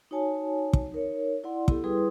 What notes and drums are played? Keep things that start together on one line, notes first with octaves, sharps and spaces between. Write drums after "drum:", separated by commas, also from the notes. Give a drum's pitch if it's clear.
D#4 F#4 C#5 G#5 A5
drum: kick
D#4 A#4 C#5
E4 D5 F#5 C6
B3 E4 G4 A4, drum: kick
G3 E4 G#4 B4 C6 D#6